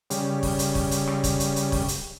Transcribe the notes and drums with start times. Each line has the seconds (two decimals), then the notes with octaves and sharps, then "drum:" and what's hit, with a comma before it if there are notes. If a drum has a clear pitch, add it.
0.10 C#3 G3, drum: hi-hat
0.43 drum: kick, open hi-hat
0.59 drum: hi-hat
0.75 drum: kick, open hi-hat
0.91 drum: hi-hat
1.07 drum: rim click
1.24 drum: kick, hi-hat
1.40 drum: hi-hat
1.56 drum: hi-hat
1.72 drum: kick, open hi-hat
1.88 drum: hi-hat